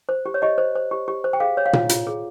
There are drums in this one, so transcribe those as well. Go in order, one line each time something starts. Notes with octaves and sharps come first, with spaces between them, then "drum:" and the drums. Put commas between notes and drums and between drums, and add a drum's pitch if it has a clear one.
C5
G4
C#5
G4 D#5
C5
C5
G4
G4
C5
G5
G#4 F5
C#5
F5
F4, drum: tom A#2
F4, drum: hi-hat
G#4